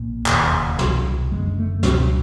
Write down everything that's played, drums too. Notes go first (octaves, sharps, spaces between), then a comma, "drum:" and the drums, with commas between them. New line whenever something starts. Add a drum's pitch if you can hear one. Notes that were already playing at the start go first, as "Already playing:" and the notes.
Already playing: A#1 A#2
E1 D#2 C#3, drum: clap
C2 B2, drum: snare
F#1 F#2 D3 G#3
A3
C#2 B2 C4, drum: snare